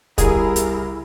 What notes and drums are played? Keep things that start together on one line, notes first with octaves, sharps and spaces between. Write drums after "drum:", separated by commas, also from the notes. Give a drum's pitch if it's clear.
C2 E4 G#4 A#4, drum: kick, hi-hat
drum: hi-hat